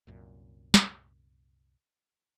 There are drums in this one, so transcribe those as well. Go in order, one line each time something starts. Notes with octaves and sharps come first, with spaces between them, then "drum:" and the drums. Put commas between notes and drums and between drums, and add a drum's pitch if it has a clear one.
C2 F#2 A#2
drum: snare